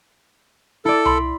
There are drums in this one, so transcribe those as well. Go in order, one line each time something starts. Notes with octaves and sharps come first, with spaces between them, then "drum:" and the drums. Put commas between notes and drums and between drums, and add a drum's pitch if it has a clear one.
E4 A4 D5
B5 C6, drum: tom C2